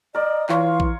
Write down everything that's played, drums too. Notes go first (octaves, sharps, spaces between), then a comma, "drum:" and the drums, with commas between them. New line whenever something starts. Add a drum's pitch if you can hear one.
A#4 D5 D#5
E3 F4 C#5 F5, drum: clap
drum: kick